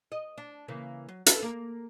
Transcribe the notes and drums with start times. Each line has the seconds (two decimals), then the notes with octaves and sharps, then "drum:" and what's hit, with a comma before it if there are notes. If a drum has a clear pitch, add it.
0.12 D#5
0.38 D4
0.68 C#3 E3 A#3
1.08 F#3
1.26 A4 B4 F5, drum: hi-hat
1.42 A#3 A#4